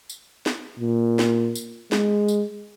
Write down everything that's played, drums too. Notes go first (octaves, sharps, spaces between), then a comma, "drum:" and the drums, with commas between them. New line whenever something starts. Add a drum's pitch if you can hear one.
drum: tambourine
drum: snare
A#2
drum: snare
drum: tambourine
G#3, drum: snare
drum: tambourine